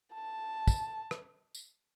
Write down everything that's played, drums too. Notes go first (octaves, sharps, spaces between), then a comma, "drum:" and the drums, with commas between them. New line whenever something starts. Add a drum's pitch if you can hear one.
A5
drum: kick, tambourine
drum: rim click
drum: tambourine